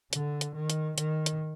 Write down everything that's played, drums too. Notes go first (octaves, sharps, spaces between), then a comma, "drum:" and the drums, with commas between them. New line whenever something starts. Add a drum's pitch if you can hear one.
D3, drum: hi-hat
drum: hi-hat
D#3
drum: hi-hat
D#3, drum: hi-hat
drum: hi-hat